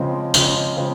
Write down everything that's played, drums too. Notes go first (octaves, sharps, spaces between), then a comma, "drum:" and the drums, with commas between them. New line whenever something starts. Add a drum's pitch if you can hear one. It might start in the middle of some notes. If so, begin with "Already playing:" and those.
Already playing: C#3 F3 G#3 C4
C#3 F3 G#3 C4, drum: tambourine
C#3 F3 G#3 C4